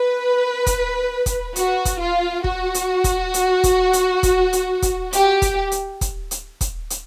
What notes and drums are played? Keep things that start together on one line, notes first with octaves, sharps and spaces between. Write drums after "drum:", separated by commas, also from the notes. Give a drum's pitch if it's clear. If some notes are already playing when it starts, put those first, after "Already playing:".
Already playing: B4
drum: kick, hi-hat
drum: kick, hi-hat
F#4, drum: hi-hat
drum: kick, hi-hat
F4
F#4, drum: kick
drum: hi-hat
drum: kick, hi-hat
drum: hi-hat
drum: kick, hi-hat
drum: hi-hat
drum: kick, hi-hat
drum: hi-hat
drum: kick, hi-hat
G4, drum: hi-hat
drum: kick, hi-hat
drum: hi-hat
drum: kick, hi-hat
drum: hi-hat
drum: kick, hi-hat
drum: hi-hat